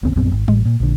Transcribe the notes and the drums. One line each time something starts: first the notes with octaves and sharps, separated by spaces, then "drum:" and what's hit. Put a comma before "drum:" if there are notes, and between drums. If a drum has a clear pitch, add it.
F1 D2 B3 C4
A#1 F#2 B3 C4
G#1
A1 A2, drum: tom G3
A#2
A#1 D3